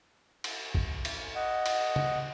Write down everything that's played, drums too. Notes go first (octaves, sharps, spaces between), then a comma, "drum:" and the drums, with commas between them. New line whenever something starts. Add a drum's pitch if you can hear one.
drum: cymbal
drum: kick
drum: cymbal
D#5 F#5
drum: cymbal
drum: tom